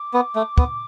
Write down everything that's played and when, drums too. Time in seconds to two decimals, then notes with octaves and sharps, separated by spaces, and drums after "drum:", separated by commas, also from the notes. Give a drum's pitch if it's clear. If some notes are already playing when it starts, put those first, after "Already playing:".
Already playing: D6
0.14 B3
0.36 A3
0.58 B3, drum: kick